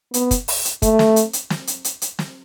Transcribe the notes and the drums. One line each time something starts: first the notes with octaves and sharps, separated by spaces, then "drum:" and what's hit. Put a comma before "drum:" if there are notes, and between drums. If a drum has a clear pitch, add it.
B3, drum: hi-hat
drum: kick, hi-hat
drum: open hi-hat
drum: hi-hat
A3, drum: kick, hi-hat
drum: snare
drum: hi-hat
drum: hi-hat
drum: snare
drum: hi-hat
drum: hi-hat
drum: hi-hat
drum: snare